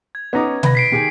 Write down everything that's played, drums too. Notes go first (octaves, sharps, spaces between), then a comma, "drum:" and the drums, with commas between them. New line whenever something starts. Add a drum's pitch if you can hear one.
G#6
B3 C#4 D#4 D6
B4 B5 A#6, drum: tom B2
B6 C7 D7
D#3 G4 G#4